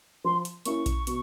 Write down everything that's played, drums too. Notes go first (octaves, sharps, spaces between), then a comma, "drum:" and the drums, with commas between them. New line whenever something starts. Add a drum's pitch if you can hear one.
F3 C6
drum: hi-hat
A#3 C#4 E4 C#6, drum: hi-hat
drum: kick A#1, hi-hat
B2, drum: hi-hat